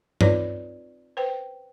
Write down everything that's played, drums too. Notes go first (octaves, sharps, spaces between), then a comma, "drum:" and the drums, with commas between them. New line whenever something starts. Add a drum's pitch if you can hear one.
C4 D#4 F4 B4 C#5 D5, drum: tom G2
B4 C5 G5